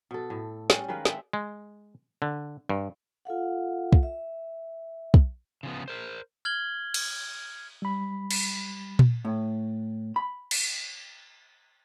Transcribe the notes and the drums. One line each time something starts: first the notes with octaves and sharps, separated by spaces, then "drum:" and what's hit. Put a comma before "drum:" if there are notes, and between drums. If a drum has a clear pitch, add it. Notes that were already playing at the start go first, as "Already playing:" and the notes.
B2 A4
A2
G3 C#4, drum: snare
D#3 G#3 B4 F5
C4 E5, drum: snare
G#3
D3
G2
F4 A4 F5 F#5
drum: kick
E5
drum: kick
C#3 F3 B3
A#4 C5
F6 G#6 F#7 G7
drum: cymbal
G3 B5
drum: cymbal
drum: tom A#2
A2
B5
drum: cymbal